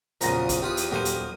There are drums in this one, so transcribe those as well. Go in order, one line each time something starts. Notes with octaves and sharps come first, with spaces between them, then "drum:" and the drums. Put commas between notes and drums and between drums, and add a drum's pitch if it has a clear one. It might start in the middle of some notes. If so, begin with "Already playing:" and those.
E2 A#2 C#3 F3 F#3 A#5 D#6 A#6, drum: hi-hat
drum: kick, hi-hat
C4 F4 G4 B4
drum: hi-hat
D#1 F#3 A#3 G4 C5 D#7
drum: hi-hat